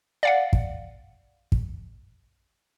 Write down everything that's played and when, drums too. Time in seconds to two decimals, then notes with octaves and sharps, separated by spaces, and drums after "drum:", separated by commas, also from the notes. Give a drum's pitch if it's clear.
0.23 D5 F5 F#5
0.53 drum: kick
1.52 drum: kick